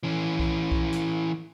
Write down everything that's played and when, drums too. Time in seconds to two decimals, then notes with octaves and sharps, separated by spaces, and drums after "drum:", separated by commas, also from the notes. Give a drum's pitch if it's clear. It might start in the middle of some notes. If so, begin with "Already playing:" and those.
0.03 E3 C#4
0.39 drum: kick
0.72 drum: kick
0.92 drum: hi-hat